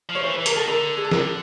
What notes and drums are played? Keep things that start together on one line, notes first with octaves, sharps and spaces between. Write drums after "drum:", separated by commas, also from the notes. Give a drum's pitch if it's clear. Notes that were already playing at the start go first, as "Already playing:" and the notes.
F3
C#5
E3 C5
B4
E3
A#4, drum: hi-hat
D#3 A4
D3 A#4
G#4
A4
A#4, drum: snare